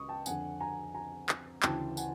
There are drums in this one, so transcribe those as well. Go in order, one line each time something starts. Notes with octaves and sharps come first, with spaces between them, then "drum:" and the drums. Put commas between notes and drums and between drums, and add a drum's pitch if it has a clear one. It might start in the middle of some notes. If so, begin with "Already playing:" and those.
Already playing: C#2 C#6 D#6
G5 A5
F2 D3 F#5 G#5, drum: tambourine
G#5 A#5
G#5 A#5
drum: clap
D2 C#3 E3 G5 A5, drum: clap
F#5 G#5, drum: tambourine